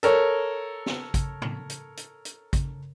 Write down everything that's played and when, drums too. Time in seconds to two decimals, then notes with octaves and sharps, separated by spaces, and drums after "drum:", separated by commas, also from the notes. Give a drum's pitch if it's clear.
0.03 A4 A#4 C#5, drum: hi-hat
0.86 drum: snare
1.14 drum: kick, hi-hat
1.42 drum: tom G#2
1.70 drum: hi-hat
1.97 drum: hi-hat
2.25 drum: hi-hat
2.53 drum: kick, hi-hat